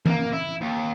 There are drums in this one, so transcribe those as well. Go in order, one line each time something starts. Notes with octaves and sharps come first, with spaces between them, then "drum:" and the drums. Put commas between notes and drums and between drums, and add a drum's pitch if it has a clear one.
A#3, drum: tom E3
E4
D#2